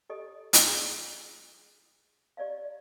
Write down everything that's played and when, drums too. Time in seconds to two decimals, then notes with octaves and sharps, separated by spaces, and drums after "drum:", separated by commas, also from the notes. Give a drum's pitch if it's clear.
0.10 G4 A4 D#5
0.53 drum: hi-hat
0.68 G#4
2.37 G4 D5 D#5 F5